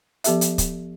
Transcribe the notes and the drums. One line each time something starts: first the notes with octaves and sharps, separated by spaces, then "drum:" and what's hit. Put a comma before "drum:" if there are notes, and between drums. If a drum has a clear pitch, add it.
F3 B3 G4 A4 E5, drum: hi-hat
drum: hi-hat
drum: kick, hi-hat